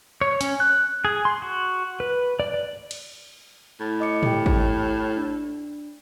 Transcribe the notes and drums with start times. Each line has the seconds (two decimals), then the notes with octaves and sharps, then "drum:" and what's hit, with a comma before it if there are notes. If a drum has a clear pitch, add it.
0.21 C#5
0.41 C#4, drum: hi-hat
0.60 F#6
1.05 G#4
1.25 C6
1.42 F#4
2.00 B4
2.40 D5
2.54 D5
2.91 drum: cymbal
3.80 A2
4.00 D#5 D6 C#7
4.23 G4 G5, drum: tom
4.46 drum: kick G#1
5.17 D4